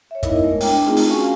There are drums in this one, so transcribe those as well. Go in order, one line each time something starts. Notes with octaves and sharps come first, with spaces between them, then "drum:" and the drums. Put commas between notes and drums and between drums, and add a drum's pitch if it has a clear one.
C#5 E5
B3 D#4 E4 A#4 D#5, drum: kick, hi-hat
G#3 A3 A#4
D4 G5, drum: open hi-hat
A3 C4 D#4 F4 G#4
drum: open hi-hat
C#4 F#4 F5 G#5 C#6